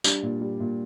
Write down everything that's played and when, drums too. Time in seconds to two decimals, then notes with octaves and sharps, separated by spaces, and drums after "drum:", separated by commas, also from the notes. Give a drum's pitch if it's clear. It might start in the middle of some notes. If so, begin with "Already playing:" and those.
0.04 G3 D4, drum: tambourine
0.23 A#2
0.41 G3
0.60 A#2